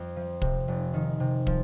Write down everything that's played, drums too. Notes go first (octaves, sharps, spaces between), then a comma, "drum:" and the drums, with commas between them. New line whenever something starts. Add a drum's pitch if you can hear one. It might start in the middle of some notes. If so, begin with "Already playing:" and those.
Already playing: F2
F3
C3, drum: kick
F1
D#3
C3
F3, drum: kick